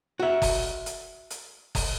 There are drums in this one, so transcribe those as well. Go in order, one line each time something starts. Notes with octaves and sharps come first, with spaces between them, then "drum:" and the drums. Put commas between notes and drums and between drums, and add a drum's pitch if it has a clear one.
F#4 E5
drum: kick F#1, open hi-hat
drum: hi-hat
drum: hi-hat
drum: kick F#1, open hi-hat